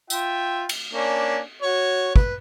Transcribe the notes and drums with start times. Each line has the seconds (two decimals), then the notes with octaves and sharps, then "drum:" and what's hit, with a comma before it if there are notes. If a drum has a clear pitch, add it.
0.10 F4 E5 G5, drum: tambourine
0.69 drum: cymbal
0.93 A#3 C#4 D4
1.62 F#4 C#5
2.16 B4, drum: kick